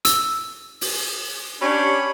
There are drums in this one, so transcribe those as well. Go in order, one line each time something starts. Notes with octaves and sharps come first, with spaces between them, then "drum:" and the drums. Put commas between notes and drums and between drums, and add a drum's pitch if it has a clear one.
E6, drum: hi-hat
drum: open hi-hat
C#4 D4 G4 C#5 B5